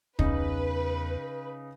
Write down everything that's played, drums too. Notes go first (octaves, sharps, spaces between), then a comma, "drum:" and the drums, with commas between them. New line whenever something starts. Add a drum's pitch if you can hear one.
E2 C#3 D#4 B4, drum: kick